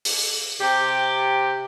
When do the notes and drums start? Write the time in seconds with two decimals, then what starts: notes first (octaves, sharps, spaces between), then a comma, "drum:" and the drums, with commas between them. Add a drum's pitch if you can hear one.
0.05 drum: open hi-hat
0.60 C3 G4